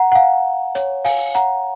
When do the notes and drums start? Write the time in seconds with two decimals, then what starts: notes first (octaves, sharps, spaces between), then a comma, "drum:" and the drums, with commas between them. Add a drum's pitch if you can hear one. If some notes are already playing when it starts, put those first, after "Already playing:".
Already playing: F#5 A#5
0.12 F#5
0.15 F5 G#5
0.75 C#5, drum: hi-hat
1.05 F5 G#5, drum: open hi-hat
1.35 F#5 A#5, drum: hi-hat